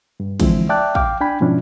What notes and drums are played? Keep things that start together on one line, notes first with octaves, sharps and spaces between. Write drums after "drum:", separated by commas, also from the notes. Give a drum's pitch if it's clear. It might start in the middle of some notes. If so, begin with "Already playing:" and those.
G2
D3 E3 F3 G#3 C4 E4, drum: kick, cymbal
D5 E5 G5 A5 D6 F#6
F5 G5 D6, drum: kick
D4 G5 G#5 B5
G#2 B2 F3 C#4 D4 E4